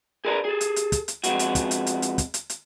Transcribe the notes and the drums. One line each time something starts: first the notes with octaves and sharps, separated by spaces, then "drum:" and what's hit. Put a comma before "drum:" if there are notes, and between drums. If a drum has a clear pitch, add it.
G#4 A#4 B4 D5 A5 A#5
G#4 A4
drum: hi-hat
drum: hi-hat
drum: kick, hi-hat
drum: hi-hat
F2 G#3 B3 F#4, drum: hi-hat
drum: hi-hat
drum: kick, hi-hat
drum: hi-hat
drum: hi-hat
drum: hi-hat
drum: kick, hi-hat
drum: hi-hat
drum: hi-hat